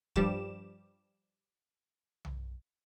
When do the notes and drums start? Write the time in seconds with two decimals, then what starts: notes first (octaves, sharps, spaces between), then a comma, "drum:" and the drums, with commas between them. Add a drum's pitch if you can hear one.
0.16 G2 F3 G3 G4 D6 E7, drum: kick
2.25 drum: tom B1